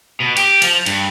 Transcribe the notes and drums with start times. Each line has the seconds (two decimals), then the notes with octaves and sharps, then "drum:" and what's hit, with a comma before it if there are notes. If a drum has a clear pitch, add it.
0.20 B2
0.37 G4, drum: cymbal
0.62 F3, drum: cymbal
0.86 G2, drum: cymbal